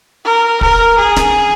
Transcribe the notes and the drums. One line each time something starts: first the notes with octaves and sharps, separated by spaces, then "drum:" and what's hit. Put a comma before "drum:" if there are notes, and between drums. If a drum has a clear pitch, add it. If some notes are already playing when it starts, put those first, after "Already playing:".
A#4
A#4, drum: kick
G#4
drum: snare